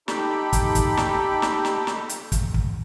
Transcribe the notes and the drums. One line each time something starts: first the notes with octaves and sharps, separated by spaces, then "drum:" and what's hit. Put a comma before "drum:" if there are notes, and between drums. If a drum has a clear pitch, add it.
D#4 G4 A4 G5 B5, drum: snare
drum: kick, hi-hat
drum: kick, hi-hat
drum: snare
drum: snare
drum: snare
drum: snare
drum: hi-hat
drum: kick, hi-hat
drum: kick